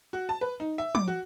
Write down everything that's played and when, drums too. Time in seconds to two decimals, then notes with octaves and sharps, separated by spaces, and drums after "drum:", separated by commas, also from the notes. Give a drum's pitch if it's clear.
0.13 F#4
0.29 A5
0.41 B4
0.60 D#4
0.78 E5
0.95 D6, drum: tom
1.08 F#4